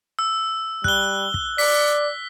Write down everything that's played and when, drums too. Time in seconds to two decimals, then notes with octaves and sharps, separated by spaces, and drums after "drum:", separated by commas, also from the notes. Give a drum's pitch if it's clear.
0.19 E6
0.84 G3 F#6 G7, drum: kick
1.34 drum: kick
1.58 D5 B6, drum: open hi-hat